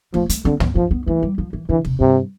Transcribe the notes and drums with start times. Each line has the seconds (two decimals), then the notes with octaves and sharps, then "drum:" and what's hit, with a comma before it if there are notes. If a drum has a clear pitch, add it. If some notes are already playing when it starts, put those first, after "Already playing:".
0.14 F3 A3, drum: kick
0.29 A3, drum: hi-hat
0.45 D3 C4
0.60 B3, drum: tom
0.75 F3 C4
0.91 B3
1.07 E3 A3
1.22 G3
1.38 F3
1.53 E3
1.69 D3 E3
1.85 C3, drum: kick
2.00 G2 C3